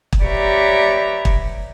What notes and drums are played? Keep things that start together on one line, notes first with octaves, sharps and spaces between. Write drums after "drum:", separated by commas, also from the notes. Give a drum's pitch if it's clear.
drum: kick
G4 B4 C#5 D5 E5 A#5
drum: kick